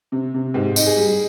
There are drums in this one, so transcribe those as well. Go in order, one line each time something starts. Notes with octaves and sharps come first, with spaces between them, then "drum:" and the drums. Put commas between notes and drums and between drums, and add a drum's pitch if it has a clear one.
C3
C3
G#2 G4
D#4, drum: tambourine
G#4
G3